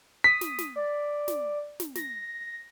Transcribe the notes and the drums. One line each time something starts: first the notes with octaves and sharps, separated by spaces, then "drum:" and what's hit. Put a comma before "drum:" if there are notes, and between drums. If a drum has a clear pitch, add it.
D#6 B6
drum: snare
drum: snare
D5
drum: snare
drum: snare
A#6, drum: snare